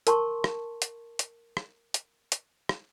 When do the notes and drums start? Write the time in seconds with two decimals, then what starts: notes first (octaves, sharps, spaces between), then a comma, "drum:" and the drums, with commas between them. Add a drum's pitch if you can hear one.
0.07 A#4 A5 C6 C#6, drum: hi-hat
0.44 drum: rim click
0.82 drum: hi-hat
1.19 drum: hi-hat
1.57 drum: rim click
1.94 drum: hi-hat
2.32 drum: hi-hat
2.69 drum: rim click